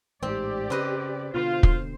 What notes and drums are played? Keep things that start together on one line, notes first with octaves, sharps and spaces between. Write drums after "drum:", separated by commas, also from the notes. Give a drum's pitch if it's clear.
A1 G#2 C4 G4 D5
C#3 C4 B4 D#5
B2 D3 F4 C5
drum: kick